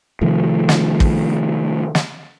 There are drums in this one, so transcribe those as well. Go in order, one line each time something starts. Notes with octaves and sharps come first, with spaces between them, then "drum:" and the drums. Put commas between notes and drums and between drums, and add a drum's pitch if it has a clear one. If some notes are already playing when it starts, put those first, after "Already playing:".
C3 D#3 F3 A3
drum: snare
drum: kick
drum: snare